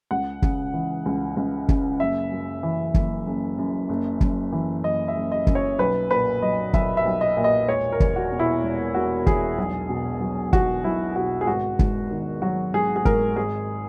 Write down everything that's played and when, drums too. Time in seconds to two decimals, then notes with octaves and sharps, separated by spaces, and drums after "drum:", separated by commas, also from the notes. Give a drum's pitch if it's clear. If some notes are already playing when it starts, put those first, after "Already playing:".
0.11 C#2 F#5
0.42 C#3, drum: kick
0.74 E3
1.06 C#2
1.37 C#2
1.69 C#3, drum: kick
2.00 F#1 E5
2.32 F#2
2.63 E3
2.94 F#1, drum: kick
3.26 F#1
3.58 F#2
3.89 F#1
4.21 F#2, drum: kick
4.52 E3
4.84 F#1 D#5
5.08 E5
5.16 F#1
5.32 D#5
5.47 F#2, drum: kick
5.55 C#5
5.79 B1 B4
6.11 A#2 B4
6.42 F#3 D#5
6.73 B1 E5, drum: kick
6.97 E5
7.06 B1
7.21 D#5
7.37 A#2 E5
7.44 D#5
7.68 E1 C#5
7.92 A#4
8.00 E2, drum: kick
8.16 F#4
8.32 B2
8.39 E4
8.63 E1
8.94 E1 F#4
9.27 E2 G#4, drum: kick
9.58 B1
9.89 B2
10.21 F#3
10.53 B1 F#4, drum: kick
10.84 B1 E4
11.16 B2 F#4
11.41 G#4
11.47 G#1 F#4
11.79 G#2, drum: kick
12.11 D#3
12.42 F#3 F#4
12.74 G#1 G#4
12.96 G#4
13.05 G#2 A#4, drum: kick
13.36 G#1 G#4